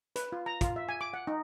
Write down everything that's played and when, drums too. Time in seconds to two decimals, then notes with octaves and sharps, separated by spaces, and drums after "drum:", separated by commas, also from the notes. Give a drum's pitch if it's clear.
0.16 B4, drum: hi-hat
0.32 F4
0.46 A#5
0.61 F4, drum: kick, hi-hat
0.76 E5
0.89 G#5
1.01 D6
1.14 F#5
1.27 D#4